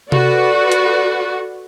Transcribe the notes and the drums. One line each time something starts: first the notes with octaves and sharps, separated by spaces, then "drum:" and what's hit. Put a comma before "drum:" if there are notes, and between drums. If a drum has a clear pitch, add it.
F#4 A4 B4 D5 F#5, drum: tom C3
drum: hi-hat